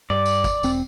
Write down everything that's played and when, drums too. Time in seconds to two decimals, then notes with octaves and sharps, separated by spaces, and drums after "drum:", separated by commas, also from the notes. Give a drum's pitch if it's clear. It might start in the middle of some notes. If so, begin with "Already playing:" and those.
0.10 G2 D5
0.25 drum: tambourine
0.44 drum: kick, tambourine
0.63 E1 C4, drum: tambourine